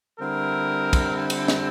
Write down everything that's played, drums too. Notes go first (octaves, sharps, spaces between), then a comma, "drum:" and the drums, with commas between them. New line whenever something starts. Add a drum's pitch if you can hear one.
D3 G3 C4 E4 A#4
drum: kick, cymbal
drum: cymbal
drum: snare